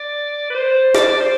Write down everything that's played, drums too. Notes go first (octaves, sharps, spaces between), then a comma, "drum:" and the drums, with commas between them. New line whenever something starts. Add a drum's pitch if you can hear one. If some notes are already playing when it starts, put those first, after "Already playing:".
Already playing: D5
B4
C5
D5, drum: snare
D5
C5